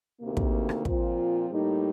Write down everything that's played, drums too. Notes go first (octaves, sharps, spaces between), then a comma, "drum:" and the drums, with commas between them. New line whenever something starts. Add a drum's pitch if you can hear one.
D2 C3 D#3 A#3
drum: kick
drum: rim click
A#2 F3 C4 F4, drum: kick
A2 G3 A#3 D#4